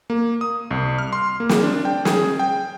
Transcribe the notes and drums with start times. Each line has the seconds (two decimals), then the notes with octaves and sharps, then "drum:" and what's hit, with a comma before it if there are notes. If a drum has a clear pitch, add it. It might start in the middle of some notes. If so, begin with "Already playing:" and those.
0.10 A#3
0.41 D#6
0.71 C2
0.98 F6
1.13 C6
1.40 A#3
1.49 drum: snare
1.63 D4
1.85 G5
2.05 G#4, drum: snare
2.39 G5